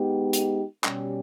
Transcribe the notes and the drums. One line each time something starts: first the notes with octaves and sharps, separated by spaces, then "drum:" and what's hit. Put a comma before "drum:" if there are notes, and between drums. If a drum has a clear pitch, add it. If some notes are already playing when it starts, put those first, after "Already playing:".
Already playing: G#3 B3 D#4 G4
drum: hi-hat
B2 G3 C#4 G4, drum: clap